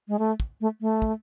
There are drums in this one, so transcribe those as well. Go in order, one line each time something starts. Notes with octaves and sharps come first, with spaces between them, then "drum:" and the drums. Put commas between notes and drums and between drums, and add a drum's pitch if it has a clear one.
G#3
A3
drum: kick
A3
A3
drum: kick